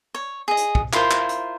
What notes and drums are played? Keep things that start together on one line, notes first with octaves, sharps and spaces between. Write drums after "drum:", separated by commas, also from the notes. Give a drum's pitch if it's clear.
C#5
G#4 D#5
drum: hi-hat
drum: kick
E4 F4 A#4 C5, drum: clap
drum: clap
drum: hi-hat